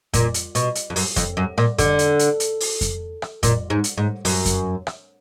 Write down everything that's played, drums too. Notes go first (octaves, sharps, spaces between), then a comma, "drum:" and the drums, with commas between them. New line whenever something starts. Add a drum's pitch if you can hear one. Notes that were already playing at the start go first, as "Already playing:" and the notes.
A#2, drum: kick F2, hi-hat
drum: hi-hat
B2, drum: hi-hat
drum: hi-hat
F2
F#2, drum: open hi-hat
F2, drum: kick F2, hi-hat
F#2
A#2, drum: rim click
D3, drum: kick F2, hi-hat
drum: hi-hat
drum: hi-hat
drum: hi-hat
drum: open hi-hat
drum: kick F2, hi-hat
drum: rim click
A#2, drum: kick F2, hi-hat
G#2
drum: hi-hat
G#2
F#2, drum: open hi-hat
drum: kick F2, hi-hat
drum: rim click